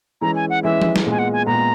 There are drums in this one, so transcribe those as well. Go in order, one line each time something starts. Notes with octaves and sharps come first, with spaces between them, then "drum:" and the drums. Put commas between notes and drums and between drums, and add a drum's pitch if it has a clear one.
E3 G#3 C#4 E4 A#5
G#5
F#5
E3 G#3 C#4 E4 E5
drum: tom F3
drum: snare
A#2 G#3 B3
G#5
F#5
G#5
A#2 G#3 B3 A#5